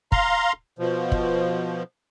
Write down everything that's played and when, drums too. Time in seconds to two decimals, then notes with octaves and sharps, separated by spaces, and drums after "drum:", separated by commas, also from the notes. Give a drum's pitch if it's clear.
0.12 F5 A#5 C6, drum: kick
0.79 B2 F3
1.12 drum: kick